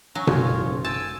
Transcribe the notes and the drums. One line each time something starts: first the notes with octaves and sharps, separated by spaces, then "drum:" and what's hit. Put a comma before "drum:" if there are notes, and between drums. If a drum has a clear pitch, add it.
F#3 C#4
G#1 F#2 F4 F#4 C#5, drum: tom B2
F#1 E2 A4
G#5 A5 C6 E6 G6 D7